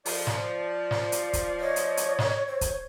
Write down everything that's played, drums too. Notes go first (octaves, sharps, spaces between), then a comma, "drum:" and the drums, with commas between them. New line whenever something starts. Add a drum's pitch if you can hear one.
F3 D5, drum: open hi-hat
drum: snare
drum: snare
drum: hi-hat
drum: kick, hi-hat
C#5 D#5
drum: hi-hat
drum: hi-hat
drum: snare
C5
drum: kick, hi-hat